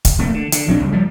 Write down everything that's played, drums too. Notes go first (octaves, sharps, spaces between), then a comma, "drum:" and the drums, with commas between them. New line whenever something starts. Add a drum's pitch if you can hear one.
drum: kick, hi-hat
F1 A3 A#3
D3
D3, drum: hi-hat
A#1 F#3 C4 D4
C#2 G2
F3 G3 G#3